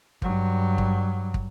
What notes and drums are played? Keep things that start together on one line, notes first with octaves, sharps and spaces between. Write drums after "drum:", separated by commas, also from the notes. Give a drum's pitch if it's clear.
G2 F#3, drum: kick
drum: kick
drum: kick